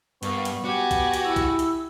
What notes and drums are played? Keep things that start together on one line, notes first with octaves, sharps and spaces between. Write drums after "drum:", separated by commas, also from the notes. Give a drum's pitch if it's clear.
G2 A#3 B3 C#6, drum: hi-hat
drum: hi-hat
F#4 G4 G#5 D6
drum: kick B1, hi-hat
drum: hi-hat
E4 E6
drum: kick B1, hi-hat
drum: hi-hat